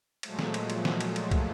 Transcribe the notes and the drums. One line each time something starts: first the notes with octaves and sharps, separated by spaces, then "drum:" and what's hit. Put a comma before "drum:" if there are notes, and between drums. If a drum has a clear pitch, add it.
A#2 F3 F#3 G#3 A3, drum: cymbal
drum: snare
drum: cymbal
drum: cymbal
drum: snare
drum: cymbal
drum: cymbal
drum: kick, cymbal